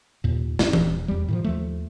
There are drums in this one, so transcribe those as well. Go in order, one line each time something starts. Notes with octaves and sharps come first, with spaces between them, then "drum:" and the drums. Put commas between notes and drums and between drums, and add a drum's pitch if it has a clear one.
D#2 A#2
G1 B2 G3 C#4, drum: snare
D#1, drum: tom E3
E2 G3
A2 D#3 F3
D#2 F3 A3